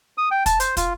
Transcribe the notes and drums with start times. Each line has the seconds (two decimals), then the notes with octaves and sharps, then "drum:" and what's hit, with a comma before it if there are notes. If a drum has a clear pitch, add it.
0.18 D#6
0.31 G5
0.46 A5, drum: kick, hi-hat
0.60 C5, drum: hi-hat
0.77 F4, drum: kick, hi-hat